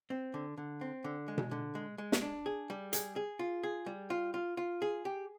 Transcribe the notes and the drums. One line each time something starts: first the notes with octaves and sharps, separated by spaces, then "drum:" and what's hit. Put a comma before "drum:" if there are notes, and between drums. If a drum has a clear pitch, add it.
C4
D3
D3
C4
D3
G#3
drum: tom B2
D3
G#3
G#3
drum: snare
D4
G#4
G3
G#4, drum: hi-hat
G#4
F4
G#4
G3
F4
F4
F4
G#4
G4